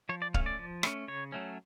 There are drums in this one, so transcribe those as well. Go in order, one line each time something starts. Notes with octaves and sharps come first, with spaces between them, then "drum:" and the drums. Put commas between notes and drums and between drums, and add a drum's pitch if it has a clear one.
F3 C#5
D5
A3 C#4 F5, drum: kick C#1
D5
F3
A3 C#4, drum: rim click
C#3 C#5
F#3 A3 C#4